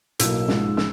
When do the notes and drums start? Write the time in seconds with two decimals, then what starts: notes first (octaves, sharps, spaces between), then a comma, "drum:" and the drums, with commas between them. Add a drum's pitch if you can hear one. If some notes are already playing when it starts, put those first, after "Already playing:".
0.19 B1 A2 F#3 A#3 E6, drum: hi-hat
0.48 G#2 F3 G#3, drum: snare
0.77 E6, drum: snare